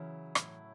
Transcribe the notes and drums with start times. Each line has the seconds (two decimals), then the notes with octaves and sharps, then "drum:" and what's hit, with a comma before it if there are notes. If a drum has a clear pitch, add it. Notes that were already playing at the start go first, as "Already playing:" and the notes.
Already playing: C#3 E3 F#3 C#4 E4
0.35 A2 F#3 A3 E4, drum: rim click